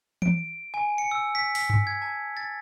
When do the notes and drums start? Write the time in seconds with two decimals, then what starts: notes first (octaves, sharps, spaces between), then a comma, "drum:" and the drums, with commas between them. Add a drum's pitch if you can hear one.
0.22 D7, drum: tom E3
0.74 G#5
0.98 C#7
1.11 E6
1.35 B6
1.55 B6, drum: open hi-hat
1.70 drum: tom G2
1.87 G#6
2.02 A5
2.37 A6